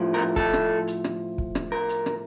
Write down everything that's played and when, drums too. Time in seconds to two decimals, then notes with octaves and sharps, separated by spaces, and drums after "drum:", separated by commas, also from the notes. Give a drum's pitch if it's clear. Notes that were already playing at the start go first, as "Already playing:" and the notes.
Already playing: A2 F3
0.14 A#4
0.36 A4, drum: kick
0.53 drum: rim click
0.87 drum: hi-hat
1.04 drum: rim click
1.38 drum: kick
1.55 drum: rim click
1.72 A#4
1.89 drum: hi-hat
2.06 drum: rim click